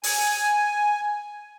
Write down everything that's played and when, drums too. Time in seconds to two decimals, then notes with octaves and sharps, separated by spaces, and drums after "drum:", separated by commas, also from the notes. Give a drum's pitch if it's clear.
0.03 G#5, drum: open hi-hat